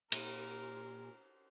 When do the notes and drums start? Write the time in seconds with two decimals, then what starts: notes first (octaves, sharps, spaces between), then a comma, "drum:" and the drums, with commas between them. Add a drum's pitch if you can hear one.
0.12 A#2 G4 A#4, drum: cymbal